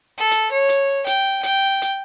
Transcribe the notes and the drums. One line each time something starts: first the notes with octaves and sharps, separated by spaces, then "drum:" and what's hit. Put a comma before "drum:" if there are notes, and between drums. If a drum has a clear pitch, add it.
A4
drum: hi-hat
C#5
drum: hi-hat
G5, drum: hi-hat
G5, drum: hi-hat
drum: hi-hat